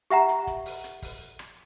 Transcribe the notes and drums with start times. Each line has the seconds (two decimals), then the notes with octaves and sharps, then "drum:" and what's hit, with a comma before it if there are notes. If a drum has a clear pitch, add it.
0.10 G4 E5 F#5 A#5, drum: hi-hat
0.29 drum: hi-hat
0.47 drum: kick, hi-hat
0.66 drum: open hi-hat
0.84 drum: hi-hat
1.02 drum: kick, open hi-hat
1.39 drum: rim click